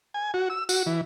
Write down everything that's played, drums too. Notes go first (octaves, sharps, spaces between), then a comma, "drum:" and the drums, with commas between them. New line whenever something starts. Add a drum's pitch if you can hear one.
G#5
F#4
E6
F#4, drum: tambourine
E3